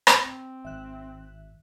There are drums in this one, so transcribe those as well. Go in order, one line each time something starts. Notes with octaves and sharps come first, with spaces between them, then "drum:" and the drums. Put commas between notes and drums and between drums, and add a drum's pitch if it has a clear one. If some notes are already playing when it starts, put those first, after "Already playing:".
drum: rim click
C4
G#1 E5 F#6